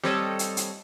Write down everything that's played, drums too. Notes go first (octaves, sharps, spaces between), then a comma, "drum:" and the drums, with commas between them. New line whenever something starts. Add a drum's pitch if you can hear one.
G3 C4 A4 C#5 D#5, drum: snare
drum: hi-hat
drum: hi-hat